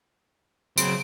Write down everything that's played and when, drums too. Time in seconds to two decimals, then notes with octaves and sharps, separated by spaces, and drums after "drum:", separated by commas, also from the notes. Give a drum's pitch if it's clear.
0.78 C#3 F#3 C4 D7, drum: tambourine